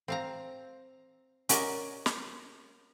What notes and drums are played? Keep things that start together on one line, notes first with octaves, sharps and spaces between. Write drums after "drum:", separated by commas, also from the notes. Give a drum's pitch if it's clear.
C4 F5 A#5
C#4 F#4 A#4 D5 D#5, drum: hi-hat
drum: snare